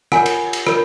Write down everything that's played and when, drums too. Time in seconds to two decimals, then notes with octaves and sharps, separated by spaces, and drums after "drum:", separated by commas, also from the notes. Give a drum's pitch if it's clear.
0.12 F4 A#4 C#5 F#5 G#5, drum: rim click
0.26 drum: cymbal
0.53 drum: cymbal
0.67 F4 A#4 C#5, drum: rim click